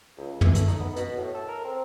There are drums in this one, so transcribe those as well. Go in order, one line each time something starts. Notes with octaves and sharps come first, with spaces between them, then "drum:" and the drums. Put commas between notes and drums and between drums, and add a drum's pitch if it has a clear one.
C#2
E3, drum: tom
A3, drum: hi-hat
D#4, drum: hi-hat
B3
B2, drum: hi-hat
A2
A4
A#4
C4